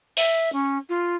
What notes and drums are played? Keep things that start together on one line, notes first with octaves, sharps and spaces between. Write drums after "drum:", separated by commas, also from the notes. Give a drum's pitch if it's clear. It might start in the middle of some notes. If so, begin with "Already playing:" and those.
E5, drum: open hi-hat
C#4
F4